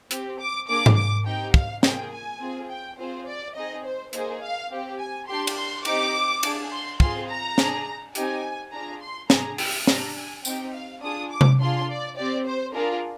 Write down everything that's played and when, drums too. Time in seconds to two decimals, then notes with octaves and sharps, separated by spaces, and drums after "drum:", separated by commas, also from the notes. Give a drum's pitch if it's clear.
0.11 C4 G4, drum: hi-hat
0.40 D6
0.68 A#3 D4 G#4 D6
0.86 drum: tom G#2
0.97 D6
1.26 C4 D#4 G4 G5
1.54 F5, drum: kick
1.83 A#3 F4 G#4 G5, drum: snare
2.12 G#5
2.40 C4 F4 G#4
2.70 G5
2.99 C4 F4 G#4 C5
3.27 D5
3.55 C4 D#4 G#4 D#5
3.85 C5
4.13 A#3 D#4 G#4 C5, drum: hi-hat
4.42 F5
4.70 C4 G4
4.99 G#5
5.28 D4 G4 C6
5.47 drum: cymbal
5.57 C6
5.85 C4 D#4 G4 D6, drum: cymbal
6.43 D4 G#4, drum: cymbal
6.72 C6
7.00 C4 F4 G#4 C6, drum: kick
7.30 A#5
7.58 D4 G#4, drum: snare
8.15 C4 D#4 G4 G#5, drum: hi-hat
8.73 D4 F4 G#4 A#5
9.01 C6
9.30 D4 G#4 A#5, drum: snare
9.58 G5, drum: open hi-hat
9.87 D4 G4 A#5, drum: snare
10.16 G#5
10.45 C4 D#4 G4 G5, drum: tambourine
10.74 F5
11.02 D4 F4 G#4 D#6
11.31 D6
11.41 drum: tom C3
11.60 D4 F4 G#4 C6
11.88 D5
12.17 C4 G4 D5
12.46 C5
12.74 D4 F4 G#4 A#4